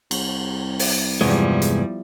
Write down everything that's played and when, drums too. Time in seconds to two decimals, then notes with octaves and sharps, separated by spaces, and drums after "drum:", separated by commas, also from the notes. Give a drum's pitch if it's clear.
0.11 C2, drum: cymbal
0.79 drum: open hi-hat
1.21 E2 G2 C3 F3 G3 G#3
1.62 drum: hi-hat